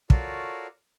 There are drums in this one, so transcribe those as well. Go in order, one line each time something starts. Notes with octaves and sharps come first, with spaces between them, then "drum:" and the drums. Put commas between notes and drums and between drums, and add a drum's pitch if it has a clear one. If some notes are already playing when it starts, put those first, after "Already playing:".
F4 F#4 A4 A#4 C#5 D5, drum: kick